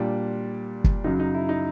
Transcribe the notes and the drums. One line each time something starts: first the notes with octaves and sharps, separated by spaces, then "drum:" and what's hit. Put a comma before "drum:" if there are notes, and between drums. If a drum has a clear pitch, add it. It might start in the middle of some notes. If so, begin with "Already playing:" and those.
Already playing: A#2 G3 D4
drum: kick
F#2 C#3 F#3 D#4
D#4
E4
D#4